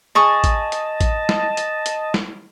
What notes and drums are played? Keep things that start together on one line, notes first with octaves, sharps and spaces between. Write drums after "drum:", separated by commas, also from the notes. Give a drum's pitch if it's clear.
G#4 D#5 A5 C#6 D#6
drum: kick A1, hi-hat
drum: hi-hat
drum: kick A1, hi-hat
drum: snare
drum: hi-hat
drum: hi-hat
drum: snare